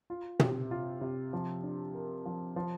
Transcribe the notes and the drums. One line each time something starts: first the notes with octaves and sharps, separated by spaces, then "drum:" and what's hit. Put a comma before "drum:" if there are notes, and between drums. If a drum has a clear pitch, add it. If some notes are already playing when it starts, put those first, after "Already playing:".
F4
C3, drum: tom
F4
C3
F3
D4
A#4
F3
F3